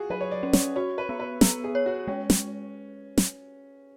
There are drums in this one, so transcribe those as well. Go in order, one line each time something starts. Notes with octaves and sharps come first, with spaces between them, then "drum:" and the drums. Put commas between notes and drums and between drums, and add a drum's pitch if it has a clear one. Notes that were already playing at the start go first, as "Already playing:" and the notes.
Already playing: F4 F#4 G#4
F#3 B4
C#5
D5
C#4
C#5, drum: snare
F#4 C#5
B4
B3
B4
B3, drum: snare
G#4
C#5
F#4
G#3 C#4
drum: snare
drum: snare